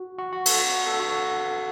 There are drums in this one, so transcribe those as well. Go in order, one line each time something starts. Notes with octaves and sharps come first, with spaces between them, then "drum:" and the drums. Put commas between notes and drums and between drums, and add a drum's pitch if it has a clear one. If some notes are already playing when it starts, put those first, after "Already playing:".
Already playing: F#4
F#4
F#4
A4, drum: cymbal
F#4
A4
F#4